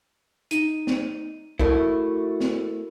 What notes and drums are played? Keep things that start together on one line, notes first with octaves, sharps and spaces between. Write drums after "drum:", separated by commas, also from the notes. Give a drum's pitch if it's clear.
D#4 D#7, drum: hi-hat
drum: snare
A3 E4 F#4 A#4, drum: kick
drum: snare